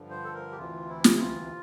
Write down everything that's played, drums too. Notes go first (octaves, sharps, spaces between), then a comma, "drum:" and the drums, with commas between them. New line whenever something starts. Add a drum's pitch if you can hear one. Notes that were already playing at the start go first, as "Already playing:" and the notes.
Already playing: G2 D3 F3
C5
A4
A#4
G4
D2 C3 E3 F4
E4
drum: snare
F4